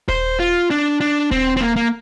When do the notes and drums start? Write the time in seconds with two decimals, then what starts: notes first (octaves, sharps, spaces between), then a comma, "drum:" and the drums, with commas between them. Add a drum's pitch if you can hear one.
0.09 C5, drum: kick D#1
0.40 F4
0.70 D4
1.01 D4
1.31 C4, drum: kick D#1
1.57 C4
1.61 A#3
1.76 A#3